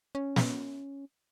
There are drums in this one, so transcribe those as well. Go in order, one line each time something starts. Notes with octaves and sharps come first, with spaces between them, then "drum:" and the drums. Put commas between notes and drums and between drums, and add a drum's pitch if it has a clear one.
C#4
drum: snare